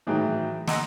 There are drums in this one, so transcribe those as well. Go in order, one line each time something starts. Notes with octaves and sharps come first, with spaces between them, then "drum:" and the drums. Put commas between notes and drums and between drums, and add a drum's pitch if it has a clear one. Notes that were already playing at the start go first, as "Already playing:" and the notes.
A2 D#3 E3 F#3 G#4 G5
D#5 F#5 G#5 A#5 C6 E6, drum: snare